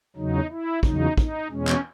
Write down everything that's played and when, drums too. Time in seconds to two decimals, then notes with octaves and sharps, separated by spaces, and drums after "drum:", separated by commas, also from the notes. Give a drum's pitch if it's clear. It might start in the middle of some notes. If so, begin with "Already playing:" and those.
0.16 E2 C#3 F#3 D#4
0.50 E4
0.83 E2 C#3 F#3 D#4, drum: kick
1.18 D#4, drum: kick
1.51 E2 B2 G#3 C#4
1.67 drum: clap